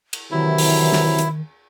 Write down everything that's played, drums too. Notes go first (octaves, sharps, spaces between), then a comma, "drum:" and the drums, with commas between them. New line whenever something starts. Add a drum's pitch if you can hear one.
drum: cymbal
C3 D#3 E3 F#3 E4
drum: open hi-hat
drum: snare
drum: hi-hat